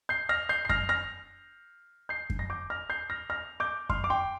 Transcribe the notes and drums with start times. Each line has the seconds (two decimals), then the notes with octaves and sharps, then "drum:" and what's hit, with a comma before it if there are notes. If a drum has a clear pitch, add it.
0.09 G6 C7
0.29 F6 A#6
0.49 G6 C7
0.65 C7
0.69 F6 A#6, drum: kick F#2
0.89 F6 A#6
2.09 G6 C7
2.30 drum: kick F#2
2.39 A#6
2.50 D6 G6
2.70 F6 A#6
2.90 G6 C7
3.10 F6 A#6
3.30 F6 A#6
3.60 D6 G6
3.90 C6 F6, drum: kick F#2
4.04 D6
4.10 G5 C6